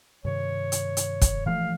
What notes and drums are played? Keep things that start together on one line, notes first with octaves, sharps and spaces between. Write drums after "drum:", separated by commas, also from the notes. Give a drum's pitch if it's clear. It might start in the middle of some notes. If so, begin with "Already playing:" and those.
G2 C3 D#3 C#5
drum: hi-hat
drum: hi-hat
drum: kick, hi-hat
E3 F3 A3 F5